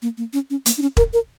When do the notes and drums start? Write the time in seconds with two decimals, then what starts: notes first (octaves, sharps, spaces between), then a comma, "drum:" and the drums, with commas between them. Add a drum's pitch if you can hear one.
0.02 A#3
0.18 A#3
0.33 C#4
0.50 C#4
0.66 A#3, drum: hi-hat
0.78 D4
0.82 C#4
0.97 A#4, drum: kick E1
1.13 A#4